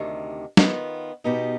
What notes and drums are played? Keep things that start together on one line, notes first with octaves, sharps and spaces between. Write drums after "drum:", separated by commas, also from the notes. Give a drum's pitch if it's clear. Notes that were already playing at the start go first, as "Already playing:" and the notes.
Already playing: D2 C3 D#3
D#3 B3 F4, drum: snare
B2 B3 D#4 G4